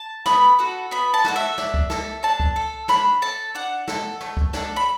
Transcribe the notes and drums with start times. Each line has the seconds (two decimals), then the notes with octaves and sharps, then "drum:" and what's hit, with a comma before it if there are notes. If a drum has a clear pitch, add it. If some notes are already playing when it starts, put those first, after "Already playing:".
Already playing: A5
0.26 B3 B5, drum: snare
0.59 F#4 A4
0.91 B3 B5
1.14 A5
1.24 F#4 A4 F#5, drum: snare
1.36 E5
1.58 D4, drum: snare
1.74 drum: kick C#2
1.90 A4, drum: snare
2.23 D4 A5
2.40 drum: kick C#2
2.56 A4
2.88 D4 B5, drum: snare
3.22 A4 A5
3.55 D4 F#5
3.88 A4, drum: snare
4.21 A3, drum: snare
4.37 drum: kick C#2
4.53 D4 A4, drum: snare
4.76 B5